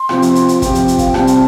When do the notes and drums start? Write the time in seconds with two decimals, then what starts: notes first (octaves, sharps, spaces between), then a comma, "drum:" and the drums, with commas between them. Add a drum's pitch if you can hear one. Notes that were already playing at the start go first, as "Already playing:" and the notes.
Already playing: C6
0.09 C3 F3 C4 G4, drum: rim click
0.22 drum: hi-hat
0.35 drum: hi-hat
0.49 drum: hi-hat
0.62 C3 F3 C4 G4, drum: kick, hi-hat
0.75 drum: hi-hat
0.88 drum: hi-hat
0.98 F5, drum: kick, hi-hat
1.06 G5
1.14 C3 G3 C4 A5, drum: rim click
1.27 drum: hi-hat